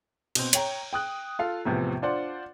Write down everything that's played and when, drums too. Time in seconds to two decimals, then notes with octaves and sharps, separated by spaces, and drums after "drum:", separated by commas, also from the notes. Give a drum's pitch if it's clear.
0.35 B2 C4, drum: cymbal
0.53 C#5 G5 A#5, drum: hi-hat
0.93 G5 D#6 F#6
1.39 F4 A4 F5
1.65 E2 A2 C3 F3 B3
2.02 D4 F4 C5 D5 F#5